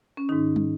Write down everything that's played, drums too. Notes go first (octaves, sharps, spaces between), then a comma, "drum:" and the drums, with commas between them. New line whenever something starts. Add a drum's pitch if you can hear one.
C#4
G#2 D#3 D#4
drum: tom